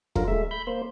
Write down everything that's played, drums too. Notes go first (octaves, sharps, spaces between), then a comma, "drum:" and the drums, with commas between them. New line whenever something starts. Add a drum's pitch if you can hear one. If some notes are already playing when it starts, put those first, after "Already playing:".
D3 F#3 F4 A#4, drum: kick
G#3 A3 E5
B5 G6
A#3 C5